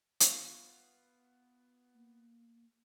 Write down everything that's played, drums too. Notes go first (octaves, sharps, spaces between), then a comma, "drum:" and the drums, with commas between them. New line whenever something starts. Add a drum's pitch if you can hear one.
B3 F4 C#5, drum: hi-hat
A#3